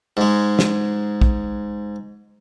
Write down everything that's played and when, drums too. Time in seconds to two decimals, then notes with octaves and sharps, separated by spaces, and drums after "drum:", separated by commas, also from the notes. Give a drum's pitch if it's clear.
0.17 G#2 G#3
0.59 drum: snare
1.21 drum: kick